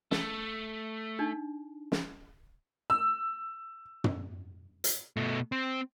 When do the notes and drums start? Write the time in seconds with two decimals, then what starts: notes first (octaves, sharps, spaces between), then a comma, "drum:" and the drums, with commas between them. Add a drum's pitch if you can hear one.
0.11 A3, drum: snare
1.19 D4 D#4
1.92 drum: snare
2.90 E6
4.04 drum: tom
4.84 drum: hi-hat
5.17 B2 A3
5.52 C4